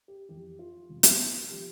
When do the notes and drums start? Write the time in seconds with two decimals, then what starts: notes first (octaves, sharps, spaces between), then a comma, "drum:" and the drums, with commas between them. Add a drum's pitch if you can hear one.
0.08 G4
0.28 F2 E3 G4
0.59 F4
0.89 F2 C3 F3
1.03 drum: hi-hat
1.50 F3 G4